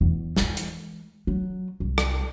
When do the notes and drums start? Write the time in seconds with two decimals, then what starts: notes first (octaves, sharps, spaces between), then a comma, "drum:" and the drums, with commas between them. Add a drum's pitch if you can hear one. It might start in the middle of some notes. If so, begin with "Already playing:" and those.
0.01 E2
0.36 E3 G#3, drum: snare
0.57 drum: hi-hat
1.27 F#3
1.80 C2
1.98 drum: rim click